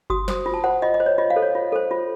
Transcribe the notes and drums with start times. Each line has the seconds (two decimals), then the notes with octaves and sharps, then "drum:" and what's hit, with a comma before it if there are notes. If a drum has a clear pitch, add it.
0.10 F#4 D#6, drum: kick G1
0.28 C5 D#6, drum: snare
0.46 F4
0.54 A5
0.64 C5 F#5
0.82 F4 D#5
0.94 D#5
1.00 C5
1.06 C#5
1.18 F4 D#5
1.30 F5
1.36 A4 C5
1.42 C#5
1.55 F4
1.72 A4 C5
1.91 F4